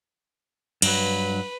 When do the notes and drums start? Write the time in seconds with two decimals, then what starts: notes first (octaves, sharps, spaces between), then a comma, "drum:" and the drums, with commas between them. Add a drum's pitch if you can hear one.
0.82 G2 F#3 B4, drum: cymbal